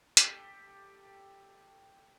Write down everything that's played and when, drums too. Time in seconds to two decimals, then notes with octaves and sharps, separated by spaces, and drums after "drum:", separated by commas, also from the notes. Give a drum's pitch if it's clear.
0.17 G4 A4, drum: hi-hat